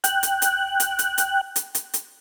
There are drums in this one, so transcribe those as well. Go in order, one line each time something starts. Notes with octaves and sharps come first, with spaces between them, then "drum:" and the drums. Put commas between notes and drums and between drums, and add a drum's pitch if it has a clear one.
G5 F#6, drum: hi-hat
drum: hi-hat
drum: hi-hat
drum: hi-hat
drum: hi-hat
drum: hi-hat
drum: hi-hat
drum: hi-hat
drum: hi-hat